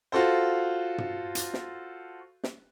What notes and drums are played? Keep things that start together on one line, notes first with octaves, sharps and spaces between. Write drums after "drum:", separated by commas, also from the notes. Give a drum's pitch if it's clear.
F4 F#4 A4 C5
drum: tom
drum: hi-hat
drum: snare
drum: snare